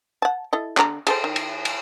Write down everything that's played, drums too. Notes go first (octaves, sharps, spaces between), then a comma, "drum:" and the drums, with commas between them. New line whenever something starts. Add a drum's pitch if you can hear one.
F#5 A5
E4 A4 D#5
D3 A#5, drum: clap
G#4 A4 C5, drum: cymbal
D#3
drum: cymbal
drum: cymbal